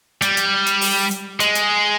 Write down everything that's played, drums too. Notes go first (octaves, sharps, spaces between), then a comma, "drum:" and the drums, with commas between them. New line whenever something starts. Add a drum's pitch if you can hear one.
G3, drum: hi-hat
drum: hi-hat
drum: hi-hat
drum: open hi-hat
drum: hi-hat
G#3, drum: hi-hat
drum: hi-hat